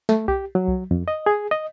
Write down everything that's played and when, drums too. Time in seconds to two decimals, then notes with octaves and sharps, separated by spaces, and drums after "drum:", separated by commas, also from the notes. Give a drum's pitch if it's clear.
0.09 A3, drum: snare
0.28 G4, drum: kick B1
0.55 F#3
0.68 drum: kick B1
0.91 F2
1.08 D#5
1.26 G#4
1.51 D#5